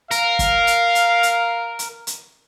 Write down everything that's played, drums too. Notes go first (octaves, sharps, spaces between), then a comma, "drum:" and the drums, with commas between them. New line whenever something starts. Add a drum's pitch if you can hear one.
A#4 F5, drum: hi-hat
drum: kick, hi-hat
drum: hi-hat
drum: hi-hat
drum: hi-hat
drum: hi-hat
drum: hi-hat